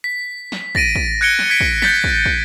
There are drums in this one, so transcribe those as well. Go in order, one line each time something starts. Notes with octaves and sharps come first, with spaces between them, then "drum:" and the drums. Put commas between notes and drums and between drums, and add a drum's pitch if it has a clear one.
B6
drum: snare
A6 A#6 D7 D#7, drum: kick
drum: kick
F#6 G#6 C#7 D7 G7
drum: snare
G#6 B6 D7
drum: kick
G6 A6 B6, drum: snare
drum: kick
drum: kick